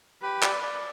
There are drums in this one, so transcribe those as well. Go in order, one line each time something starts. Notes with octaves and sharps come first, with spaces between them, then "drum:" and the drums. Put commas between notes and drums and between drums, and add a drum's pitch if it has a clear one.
G4 B4
D5, drum: clap
D5